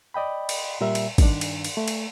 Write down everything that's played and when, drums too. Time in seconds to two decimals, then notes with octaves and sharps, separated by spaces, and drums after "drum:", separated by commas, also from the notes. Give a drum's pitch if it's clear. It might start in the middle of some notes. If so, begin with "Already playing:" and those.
0.14 D5 D#5 G5 B5
0.49 drum: cymbal
0.81 A#2 G3 A#4 E5
0.95 drum: cymbal
1.18 G2 D#3 D4, drum: kick, cymbal
1.41 drum: cymbal
1.64 drum: cymbal
1.77 A3
1.88 drum: cymbal